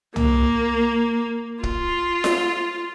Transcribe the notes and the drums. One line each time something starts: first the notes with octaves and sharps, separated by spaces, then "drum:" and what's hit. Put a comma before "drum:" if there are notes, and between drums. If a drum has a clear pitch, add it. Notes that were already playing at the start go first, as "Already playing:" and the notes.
A#3, drum: tom
F4, drum: kick
drum: snare F4